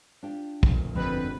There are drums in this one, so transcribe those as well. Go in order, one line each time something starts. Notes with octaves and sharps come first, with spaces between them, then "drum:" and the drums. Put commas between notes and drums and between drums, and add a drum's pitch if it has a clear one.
D4 F4 G4
F1 D2 A#2, drum: kick
G1 F2 D3 G3 C4 B4 D#5